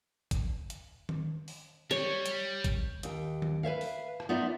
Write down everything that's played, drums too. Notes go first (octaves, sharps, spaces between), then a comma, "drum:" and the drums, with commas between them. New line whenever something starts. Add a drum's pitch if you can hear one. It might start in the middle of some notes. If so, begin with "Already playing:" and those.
drum: kick, hi-hat
drum: hi-hat
drum: tom D#3
drum: open hi-hat
G3 C#5
drum: hi-hat
drum: kick, hi-hat
D#2 G5, drum: hi-hat
drum: tom D#3
B4 C#5 E5 F5
drum: open hi-hat
drum: rim click
B3 D#4 F4 D5 E5